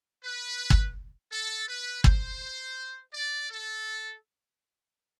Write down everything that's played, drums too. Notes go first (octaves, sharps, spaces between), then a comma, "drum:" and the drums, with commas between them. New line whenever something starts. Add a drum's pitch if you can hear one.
B4
drum: kick
A4
B4
C5, drum: kick
D5
A4